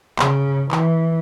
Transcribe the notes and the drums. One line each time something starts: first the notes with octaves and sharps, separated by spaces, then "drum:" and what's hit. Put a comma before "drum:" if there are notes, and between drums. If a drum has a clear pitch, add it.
C#3, drum: clap
E3, drum: clap